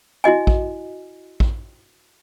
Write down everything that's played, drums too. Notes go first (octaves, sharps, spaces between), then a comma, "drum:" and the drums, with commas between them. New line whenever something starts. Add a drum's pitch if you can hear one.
E4 F#4 D#5 G#5
drum: kick A1
drum: kick A1